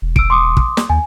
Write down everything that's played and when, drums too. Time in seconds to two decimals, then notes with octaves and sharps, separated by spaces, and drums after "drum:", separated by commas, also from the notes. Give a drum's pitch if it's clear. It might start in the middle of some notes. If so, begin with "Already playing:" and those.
0.02 E1
0.16 E6 D7, drum: kick
0.30 C6 D6 D#6
0.57 drum: kick
0.77 drum: snare
0.90 D#2 G#5